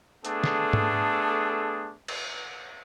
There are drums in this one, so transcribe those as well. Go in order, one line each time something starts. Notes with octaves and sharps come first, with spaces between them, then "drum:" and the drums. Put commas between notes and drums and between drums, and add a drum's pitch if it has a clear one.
A3 B3 D4 G#4 A4, drum: hi-hat
drum: snare
drum: tom G#2
drum: cymbal